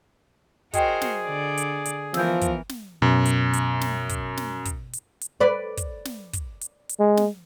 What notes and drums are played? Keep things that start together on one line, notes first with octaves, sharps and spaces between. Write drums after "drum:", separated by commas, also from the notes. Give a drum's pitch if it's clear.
F#4 G#4 A#4 C5 D#5 G5, drum: kick, hi-hat
drum: snare
D3 D5
drum: hi-hat
drum: hi-hat
E3 F3 B3 A#4 E6 G6, drum: snare
drum: kick, hi-hat
drum: snare
F#2 B2
drum: hi-hat
drum: hi-hat
drum: snare
drum: kick, hi-hat
drum: snare
drum: kick, hi-hat
drum: hi-hat
drum: hi-hat
B4 D5
drum: kick, hi-hat
drum: snare
drum: kick, hi-hat
drum: hi-hat
drum: hi-hat
G#3
drum: snare